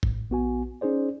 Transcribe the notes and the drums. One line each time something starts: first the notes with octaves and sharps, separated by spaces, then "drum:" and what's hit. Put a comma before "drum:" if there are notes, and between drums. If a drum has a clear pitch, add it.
A2, drum: kick
A#1 B3 F#4 G#5
C#4 D#4 G#4 C5 D5